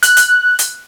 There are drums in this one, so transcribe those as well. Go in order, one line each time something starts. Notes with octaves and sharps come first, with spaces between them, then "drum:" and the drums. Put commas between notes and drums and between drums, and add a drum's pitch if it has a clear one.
F#6, drum: hi-hat
drum: hi-hat
drum: hi-hat